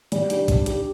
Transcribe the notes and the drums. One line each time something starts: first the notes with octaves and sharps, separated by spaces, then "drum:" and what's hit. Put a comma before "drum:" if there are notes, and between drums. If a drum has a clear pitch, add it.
G3, drum: hi-hat
D4 G4, drum: hi-hat
G3, drum: kick A#1, hi-hat
D4 G4, drum: hi-hat